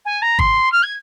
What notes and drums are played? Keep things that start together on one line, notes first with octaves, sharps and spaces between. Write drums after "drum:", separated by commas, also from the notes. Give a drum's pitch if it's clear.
G#5
A#5
C6, drum: kick
F6
G#6